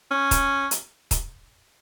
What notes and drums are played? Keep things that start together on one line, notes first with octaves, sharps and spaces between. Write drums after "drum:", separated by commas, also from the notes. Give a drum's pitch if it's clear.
C#4
drum: kick D#1, hi-hat
drum: hi-hat
drum: kick D#1, hi-hat